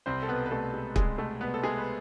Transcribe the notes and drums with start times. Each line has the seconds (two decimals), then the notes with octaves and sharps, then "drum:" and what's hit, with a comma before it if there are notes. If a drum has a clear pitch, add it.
0.06 C2 C4 C5
0.23 A4
0.28 B2 B3 B4
0.46 B4
0.51 C2 A3 A4
0.74 G#3
0.96 C2 G#3 G#4, drum: kick
1.18 B2 A3 A4
1.41 C2 B3 B4
1.54 A4
1.63 G#3 G#4
1.78 B4